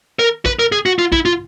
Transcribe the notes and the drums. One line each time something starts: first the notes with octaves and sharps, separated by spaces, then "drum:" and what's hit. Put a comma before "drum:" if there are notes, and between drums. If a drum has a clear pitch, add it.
A#4
B4, drum: kick
A#4
G#4
F#4
F4
E4, drum: kick
F4